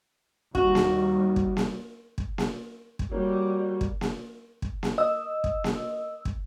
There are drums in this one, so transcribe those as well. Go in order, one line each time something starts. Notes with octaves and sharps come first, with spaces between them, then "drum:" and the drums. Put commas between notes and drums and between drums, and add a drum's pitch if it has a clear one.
D#2 G3 F#4, drum: kick
drum: snare A#3
drum: kick
drum: snare A#3
drum: kick
drum: snare A#3
drum: kick
G3 A#3 F#4 C#5
drum: kick
drum: snare A#3
drum: kick
drum: snare A#3
D#5 E6
drum: kick
drum: snare A#3
drum: kick